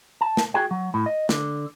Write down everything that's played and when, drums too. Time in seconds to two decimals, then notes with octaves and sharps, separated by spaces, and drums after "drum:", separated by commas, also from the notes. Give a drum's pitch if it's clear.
0.21 A5
0.37 drum: snare
0.54 F#4 G#4 G5
0.71 F#3
0.94 A2
1.06 D#5
1.29 D3, drum: snare